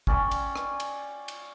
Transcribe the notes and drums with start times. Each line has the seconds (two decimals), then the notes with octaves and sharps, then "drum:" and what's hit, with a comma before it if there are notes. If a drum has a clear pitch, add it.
0.07 C#4 D5 G5, drum: kick
0.31 drum: cymbal
0.56 drum: rim click
0.80 drum: cymbal
1.28 drum: cymbal